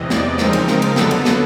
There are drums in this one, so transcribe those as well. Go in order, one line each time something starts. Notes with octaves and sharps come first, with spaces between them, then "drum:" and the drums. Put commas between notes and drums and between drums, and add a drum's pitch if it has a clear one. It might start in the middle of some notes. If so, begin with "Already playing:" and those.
Already playing: E2 C3 E3 D#5
D5, drum: snare
C#3 F3 G#3 C4 D#4 A#4, drum: snare
drum: cymbal
A#4, drum: snare
drum: cymbal
F2 D3 F#3 B3 A4, drum: snare
drum: cymbal
drum: snare